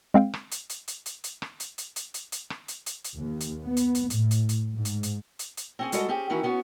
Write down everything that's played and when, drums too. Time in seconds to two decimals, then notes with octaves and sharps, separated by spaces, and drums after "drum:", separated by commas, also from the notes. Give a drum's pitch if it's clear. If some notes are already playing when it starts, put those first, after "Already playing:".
0.14 G#3 C4 F5 G5
0.34 drum: rim click
0.52 drum: hi-hat
0.70 drum: hi-hat
0.88 drum: hi-hat
1.06 drum: hi-hat
1.24 drum: hi-hat
1.42 drum: rim click
1.60 drum: hi-hat
1.78 drum: hi-hat
1.96 drum: hi-hat
2.14 drum: hi-hat
2.32 drum: hi-hat
2.50 drum: rim click
2.68 drum: hi-hat
2.86 drum: hi-hat
3.04 drum: hi-hat
3.16 D#2
3.41 drum: hi-hat
3.64 B3
3.77 drum: hi-hat
3.95 drum: hi-hat
4.10 A2, drum: hi-hat
4.31 drum: hi-hat
4.49 drum: hi-hat
4.74 G#2
4.85 drum: hi-hat
5.03 drum: hi-hat
5.39 drum: hi-hat
5.57 drum: hi-hat
5.79 C4 C#4 G#4
5.92 G3 G#3 F#4 A4 D#5, drum: hi-hat
6.08 C4 C#4 G4 G#4
6.30 D#3 E3 C#4 E4 F#4
6.43 B3 C#4 F#4